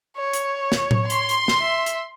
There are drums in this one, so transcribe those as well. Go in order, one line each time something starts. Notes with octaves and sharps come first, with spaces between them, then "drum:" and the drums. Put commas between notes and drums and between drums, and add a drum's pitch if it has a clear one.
C#5
drum: hi-hat
drum: snare
drum: tom A2
C6, drum: hi-hat
drum: hi-hat
drum: snare
E5
drum: hi-hat